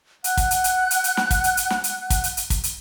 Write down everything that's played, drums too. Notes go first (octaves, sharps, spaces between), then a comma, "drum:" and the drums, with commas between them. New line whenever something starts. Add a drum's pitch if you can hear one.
F#5 F#6, drum: hi-hat
drum: kick, hi-hat
drum: hi-hat
drum: hi-hat
drum: hi-hat
drum: hi-hat
drum: snare
drum: kick, hi-hat
drum: hi-hat
drum: hi-hat
drum: snare
drum: hi-hat
drum: kick, hi-hat
drum: hi-hat
drum: hi-hat
drum: kick, hi-hat
drum: hi-hat